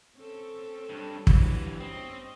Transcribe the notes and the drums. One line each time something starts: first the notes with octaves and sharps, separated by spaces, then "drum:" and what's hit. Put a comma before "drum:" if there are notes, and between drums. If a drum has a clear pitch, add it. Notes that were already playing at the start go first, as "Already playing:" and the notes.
C4 C#4 A4
G2
G2 E3 F#3 G3 G4, drum: kick
C4 C#4 D#5